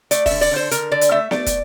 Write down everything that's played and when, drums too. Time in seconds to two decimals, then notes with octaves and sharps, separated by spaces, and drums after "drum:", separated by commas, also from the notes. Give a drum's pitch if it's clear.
0.11 A3 D5, drum: hi-hat
0.26 D3 E5, drum: kick, open hi-hat
0.41 D5, drum: open hi-hat
0.51 D3 C5
0.71 D3 A#4, drum: hi-hat
0.91 D3 D5
1.01 drum: hi-hat
1.11 A3 E5
1.31 A3 D5, drum: snare B3
1.46 drum: kick, hi-hat